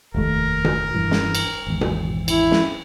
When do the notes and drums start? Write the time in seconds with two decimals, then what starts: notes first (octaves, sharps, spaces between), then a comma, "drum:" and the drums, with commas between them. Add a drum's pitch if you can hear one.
0.14 F1 D#2 A3 A#4
0.65 drum: tom B2
0.94 G2 E3
1.11 drum: snare
1.35 drum: cymbal
1.67 G#1 E2
1.81 drum: tom B2
2.28 E4, drum: cymbal
2.51 drum: snare